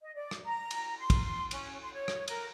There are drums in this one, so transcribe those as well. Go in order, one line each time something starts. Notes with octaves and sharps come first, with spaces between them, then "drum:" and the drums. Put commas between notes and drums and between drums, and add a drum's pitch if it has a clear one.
D#5
D5
drum: rim click
A#5
drum: cymbal
C6
drum: kick, cymbal
C#4, drum: cymbal
C6
C#5
drum: rim click
A#4, drum: cymbal